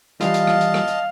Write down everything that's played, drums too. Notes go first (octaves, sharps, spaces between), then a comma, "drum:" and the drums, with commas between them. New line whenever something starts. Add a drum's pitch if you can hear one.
E3 G3 F4 D#5 F5 A5, drum: hi-hat
drum: hi-hat
drum: rim click
drum: hi-hat
drum: rim click
drum: hi-hat